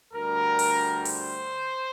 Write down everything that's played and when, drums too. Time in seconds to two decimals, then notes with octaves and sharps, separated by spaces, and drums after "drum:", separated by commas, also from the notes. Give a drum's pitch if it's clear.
0.13 D2 D3 G3 A#4
0.59 drum: open hi-hat
1.05 C5, drum: open hi-hat